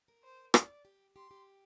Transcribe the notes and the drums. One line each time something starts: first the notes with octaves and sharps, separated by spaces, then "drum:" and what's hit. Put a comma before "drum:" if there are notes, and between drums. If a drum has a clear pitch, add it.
A#4
C5
D5, drum: rim click
G4
G4 C6
G4